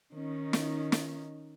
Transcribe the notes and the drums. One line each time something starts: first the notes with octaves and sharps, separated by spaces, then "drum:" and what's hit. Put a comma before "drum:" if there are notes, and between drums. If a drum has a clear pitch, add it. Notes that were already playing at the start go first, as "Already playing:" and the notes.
D#3 C#4 D#4
drum: snare
drum: snare